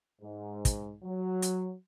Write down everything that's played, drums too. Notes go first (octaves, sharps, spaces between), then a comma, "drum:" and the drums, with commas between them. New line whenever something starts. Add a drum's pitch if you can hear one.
G#2
drum: kick, hi-hat
F#3
drum: hi-hat